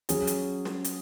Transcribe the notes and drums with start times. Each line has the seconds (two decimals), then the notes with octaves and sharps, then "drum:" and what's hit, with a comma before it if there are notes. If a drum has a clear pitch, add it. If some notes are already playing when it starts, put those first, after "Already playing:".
0.09 F#3 C#4 G#4, drum: hi-hat
0.27 drum: hi-hat
0.65 drum: snare
0.84 drum: hi-hat